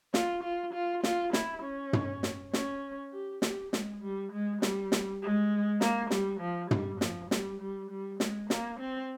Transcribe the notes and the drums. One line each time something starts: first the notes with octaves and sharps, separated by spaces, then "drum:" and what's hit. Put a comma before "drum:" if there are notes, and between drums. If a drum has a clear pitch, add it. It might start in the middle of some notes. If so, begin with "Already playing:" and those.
F4, drum: snare
F4
F4
F4, drum: snare
E4, drum: snare
C#4
drum: tom
drum: snare
C#4, drum: snare
G4
G4, drum: snare
G#3, drum: snare
G3
G#3
G3, drum: snare
drum: snare
G#3
A#3, drum: snare
G3, drum: snare
F3
G3, drum: tom
F3, drum: snare
G3, drum: snare
G3
G3
G#3, drum: snare
A#3, drum: snare
C4